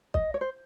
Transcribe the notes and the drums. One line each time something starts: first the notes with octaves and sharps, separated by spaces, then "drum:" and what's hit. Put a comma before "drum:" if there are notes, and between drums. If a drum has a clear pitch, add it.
D#5, drum: kick
C#5
C5